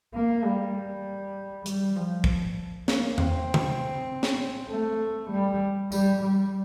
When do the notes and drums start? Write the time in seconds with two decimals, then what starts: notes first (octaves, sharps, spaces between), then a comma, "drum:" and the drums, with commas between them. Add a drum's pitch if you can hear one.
0.14 A#3
0.44 G3
1.66 G3, drum: hi-hat
1.96 F3
2.24 drum: kick
2.88 A#3, drum: snare
3.18 C4, drum: tom E2
3.54 drum: tom C3
4.23 drum: snare
4.70 A3
5.31 G3
5.92 G3, drum: tambourine
6.22 G3